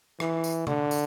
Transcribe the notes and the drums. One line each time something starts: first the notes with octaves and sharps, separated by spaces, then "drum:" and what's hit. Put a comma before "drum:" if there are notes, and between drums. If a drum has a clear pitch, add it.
E3, drum: rim click
drum: tambourine
D3, drum: tom C3
drum: tambourine